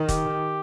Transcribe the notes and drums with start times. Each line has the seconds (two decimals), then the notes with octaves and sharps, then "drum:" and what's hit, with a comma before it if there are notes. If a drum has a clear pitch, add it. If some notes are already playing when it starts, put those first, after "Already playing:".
Already playing: D#3
0.09 G4, drum: kick E1, hi-hat